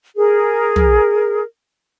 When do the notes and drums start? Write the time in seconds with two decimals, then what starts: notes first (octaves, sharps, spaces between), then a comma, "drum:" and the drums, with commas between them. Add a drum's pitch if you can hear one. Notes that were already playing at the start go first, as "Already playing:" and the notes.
0.17 G#4 A#4
0.76 drum: tom